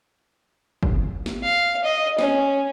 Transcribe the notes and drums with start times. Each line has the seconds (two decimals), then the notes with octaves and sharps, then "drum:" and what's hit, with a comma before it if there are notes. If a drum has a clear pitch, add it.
0.83 drum: kick
1.26 drum: snare
1.43 F5
1.84 D#5
2.19 C#4, drum: snare